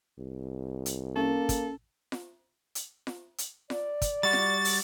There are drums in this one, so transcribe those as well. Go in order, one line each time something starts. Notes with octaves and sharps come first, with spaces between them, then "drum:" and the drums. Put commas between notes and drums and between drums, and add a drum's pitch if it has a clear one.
C2
drum: hi-hat
A#3 C#4 A4
drum: kick, hi-hat
drum: snare F4
drum: hi-hat
drum: snare F4
drum: hi-hat
D5, drum: snare F4
drum: kick, hi-hat
G3 F#4 A6
drum: snare F4
drum: open hi-hat